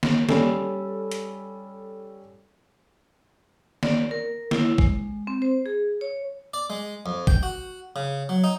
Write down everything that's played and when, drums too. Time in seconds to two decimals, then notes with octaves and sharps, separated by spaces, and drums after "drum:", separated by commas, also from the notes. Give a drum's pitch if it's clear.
0.03 drum: snare
0.29 G3 C#4 A4, drum: snare
1.11 drum: hi-hat
3.83 D5, drum: snare
4.11 A#4
4.51 E4, drum: snare
4.78 G#3, drum: kick
5.27 C4
5.42 C5
5.66 G#4
6.01 C#5
6.54 D5
6.70 G#3
7.06 F2
7.27 G5, drum: kick
7.43 F#4
7.96 C#3
8.29 F#3
8.44 D#4